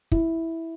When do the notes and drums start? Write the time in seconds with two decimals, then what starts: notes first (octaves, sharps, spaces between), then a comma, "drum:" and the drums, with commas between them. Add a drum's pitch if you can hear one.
0.12 E4, drum: kick